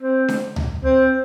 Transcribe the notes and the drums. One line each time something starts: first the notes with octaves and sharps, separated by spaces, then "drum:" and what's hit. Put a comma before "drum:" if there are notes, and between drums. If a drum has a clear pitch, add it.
C4
drum: snare D4
drum: tom C#2
C4